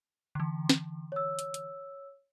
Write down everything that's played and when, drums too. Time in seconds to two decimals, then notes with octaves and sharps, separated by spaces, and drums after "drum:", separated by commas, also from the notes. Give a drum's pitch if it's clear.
0.35 D3 E3
0.69 drum: snare
1.12 C#5 E6
1.39 drum: hi-hat
1.54 drum: hi-hat